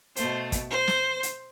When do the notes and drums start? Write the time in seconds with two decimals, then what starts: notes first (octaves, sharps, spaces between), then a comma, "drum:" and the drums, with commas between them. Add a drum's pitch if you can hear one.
0.16 B2 A3 C5, drum: hi-hat
0.52 drum: kick, hi-hat
0.70 C5
0.88 drum: snare
1.23 drum: hi-hat